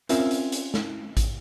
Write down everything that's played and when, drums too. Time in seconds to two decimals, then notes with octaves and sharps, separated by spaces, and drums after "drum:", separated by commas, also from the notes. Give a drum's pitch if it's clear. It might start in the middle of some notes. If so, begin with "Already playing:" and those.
0.09 C4 C#4 F4 A#4 E5, drum: hi-hat
0.31 drum: hi-hat
0.52 drum: hi-hat
0.74 drum: snare
1.17 drum: kick A1, hi-hat